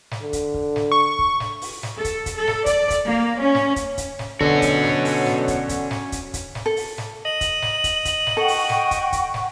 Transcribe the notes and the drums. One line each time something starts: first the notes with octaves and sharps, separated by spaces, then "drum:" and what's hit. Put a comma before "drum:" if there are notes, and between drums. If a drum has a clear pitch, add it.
drum: snare
D3
drum: kick, hi-hat
drum: kick
drum: snare
C#6
drum: kick
drum: snare
drum: open hi-hat
drum: snare
A4
drum: kick, hi-hat
drum: kick, hi-hat
A4
drum: snare
D5, drum: kick, hi-hat
drum: kick, hi-hat
A#3
C#4
drum: snare
drum: kick, hi-hat
drum: kick, hi-hat
drum: snare
B2 D3 C#4 F#4 A4 C#5, drum: kick
drum: kick, hi-hat
drum: snare
drum: open hi-hat
drum: snare
drum: kick, hi-hat
drum: kick, hi-hat
drum: snare
drum: kick, hi-hat
drum: kick, hi-hat
drum: snare
A4
drum: open hi-hat
drum: snare
D#5 F#7
drum: kick, hi-hat
drum: snare
drum: kick, hi-hat
drum: kick, hi-hat
drum: snare
A4 F#5 G5 C#6
drum: open hi-hat
drum: snare
drum: kick, hi-hat
drum: kick, hi-hat
drum: snare